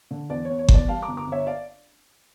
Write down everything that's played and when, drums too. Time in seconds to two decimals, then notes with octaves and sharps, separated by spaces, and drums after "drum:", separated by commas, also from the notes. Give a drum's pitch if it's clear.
0.11 D3
0.30 E2 D5
0.45 E2 C#5
0.59 C#5
0.68 E2, drum: kick G1
0.74 D5
0.88 G3 F5 A5
1.02 A#5 D6
1.08 G1
1.17 A#5 D6
1.27 G1 C#5 E5
1.46 D5 F5